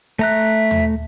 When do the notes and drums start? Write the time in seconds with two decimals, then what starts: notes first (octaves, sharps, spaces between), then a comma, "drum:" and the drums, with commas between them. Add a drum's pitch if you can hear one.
0.19 A3 E5 A#5 F#6
0.71 drum: tom